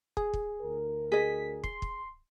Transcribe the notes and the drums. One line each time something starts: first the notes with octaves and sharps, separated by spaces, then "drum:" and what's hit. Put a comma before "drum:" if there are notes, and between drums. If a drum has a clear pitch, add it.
G#4, drum: kick
drum: kick
D2 A#4
G#4 D#5 B6
C6, drum: kick
drum: kick